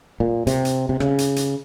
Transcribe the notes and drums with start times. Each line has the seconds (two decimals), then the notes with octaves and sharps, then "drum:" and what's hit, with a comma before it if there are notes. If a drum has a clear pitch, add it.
0.20 A#2
0.47 C3, drum: hi-hat
0.65 drum: hi-hat
0.89 C3
1.00 C#3, drum: rim click
1.18 drum: hi-hat
1.36 drum: hi-hat